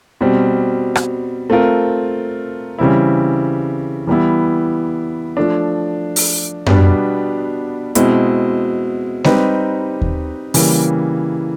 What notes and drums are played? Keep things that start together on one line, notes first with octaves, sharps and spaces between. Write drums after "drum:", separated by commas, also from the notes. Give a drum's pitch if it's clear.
B2 G3 C4
drum: rim click
A3 C4 F4 A#4
C#3 E3 G3 C4 E4
E3 G3 B3 E4
F3 A3 D4
drum: open hi-hat
B2 G3 B3 D4, drum: tom F#2
B2 G#3 C4 E4, drum: hi-hat
G3 C4 D#4 G4 B4, drum: snare G#3
drum: kick D#2
C#3 E3 G3 A#3, drum: open hi-hat